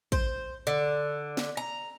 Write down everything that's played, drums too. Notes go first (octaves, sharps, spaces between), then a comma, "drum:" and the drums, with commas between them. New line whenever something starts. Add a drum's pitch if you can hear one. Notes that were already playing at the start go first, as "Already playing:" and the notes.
C5, drum: kick
D3
drum: snare
A#5